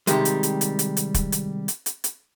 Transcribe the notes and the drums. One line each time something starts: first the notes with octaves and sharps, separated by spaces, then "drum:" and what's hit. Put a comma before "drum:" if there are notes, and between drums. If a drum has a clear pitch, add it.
C3 D#3 G3 G#3, drum: hi-hat
drum: hi-hat
drum: hi-hat
drum: hi-hat
drum: hi-hat
drum: hi-hat
drum: kick, hi-hat
drum: hi-hat
drum: hi-hat
drum: hi-hat
drum: hi-hat